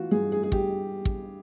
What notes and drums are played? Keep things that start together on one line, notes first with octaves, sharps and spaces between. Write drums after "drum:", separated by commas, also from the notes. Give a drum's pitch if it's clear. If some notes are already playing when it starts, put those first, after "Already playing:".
Already playing: E3 F4 F#4
G2 G#4
G#4
G#4
G4, drum: kick
drum: kick